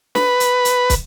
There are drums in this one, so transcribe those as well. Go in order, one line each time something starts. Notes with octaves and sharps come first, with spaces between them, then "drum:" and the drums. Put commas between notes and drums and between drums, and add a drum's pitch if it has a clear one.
B4, drum: snare
drum: hi-hat
drum: hi-hat
drum: kick, hi-hat